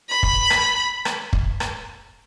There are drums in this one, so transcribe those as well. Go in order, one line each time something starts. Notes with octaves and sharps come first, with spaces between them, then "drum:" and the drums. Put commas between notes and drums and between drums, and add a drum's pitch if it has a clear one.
B5
drum: kick
drum: rim click
drum: rim click
drum: kick
drum: rim click